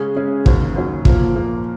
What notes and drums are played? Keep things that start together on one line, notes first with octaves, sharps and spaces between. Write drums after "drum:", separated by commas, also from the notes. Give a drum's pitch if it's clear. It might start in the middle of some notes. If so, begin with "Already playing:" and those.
Already playing: C#3 G#3 C#4 G#4
C#3 G#3 C#4 G#4
D#2 C#3 F#3 C#4, drum: kick
D#2 C#3 F#3 C#4
A#2 F3 A#3, drum: kick
A#2 F3 A#3